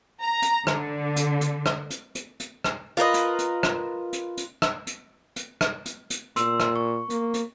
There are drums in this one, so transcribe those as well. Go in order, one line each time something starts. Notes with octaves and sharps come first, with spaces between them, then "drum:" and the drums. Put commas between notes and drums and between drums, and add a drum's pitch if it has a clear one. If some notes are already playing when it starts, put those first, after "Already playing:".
A#5
drum: hi-hat
D3, drum: rim click
drum: hi-hat
drum: hi-hat
drum: rim click
drum: hi-hat
drum: hi-hat
drum: hi-hat
drum: rim click
F4 A#4 B4 D#5
drum: hi-hat
drum: hi-hat
drum: rim click
drum: hi-hat
drum: hi-hat
drum: rim click
drum: hi-hat
drum: hi-hat
drum: rim click
drum: hi-hat
drum: hi-hat
A#2 C6 E6, drum: hi-hat
drum: rim click
C#6
A#3, drum: hi-hat
drum: hi-hat